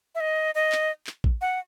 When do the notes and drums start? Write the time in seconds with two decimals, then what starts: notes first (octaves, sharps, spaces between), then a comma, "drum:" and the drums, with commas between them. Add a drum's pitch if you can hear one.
0.15 E5
0.20 D#5
0.55 D#5
0.72 drum: clap
1.07 drum: clap
1.24 drum: kick
1.41 F#5